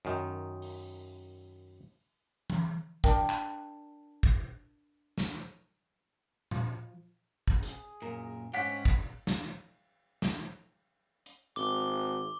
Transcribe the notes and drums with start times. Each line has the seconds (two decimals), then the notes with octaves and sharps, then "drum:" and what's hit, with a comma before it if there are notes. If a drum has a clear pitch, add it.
0.05 F#2 D#3
0.62 drum: open hi-hat
2.50 drum: tom E3
3.04 D4 A#4 G5, drum: kick
3.29 drum: clap
4.23 drum: kick
5.18 drum: snare
6.51 F3, drum: tom A#2
7.48 drum: kick
7.63 G#4, drum: hi-hat
8.02 F#2 A#2 A#4
8.54 G#2 C#4 G4 F#5 B6, drum: cymbal
8.85 drum: kick
9.27 drum: snare
10.22 drum: snare
11.26 drum: hi-hat
11.56 G#1 D6 G7